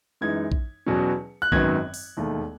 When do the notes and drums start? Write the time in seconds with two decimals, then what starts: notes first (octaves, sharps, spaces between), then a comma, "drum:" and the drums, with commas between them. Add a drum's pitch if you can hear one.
0.21 F#2 E3 G#3 D#4 G#6
0.52 drum: kick A#1
0.86 E2 B2 F#3 C#4
1.42 F#6
1.52 G#1 F#2 D#3 F#3 B3 G#6, drum: kick A#1
1.94 drum: open hi-hat
2.17 E1 D#2 D#3 A3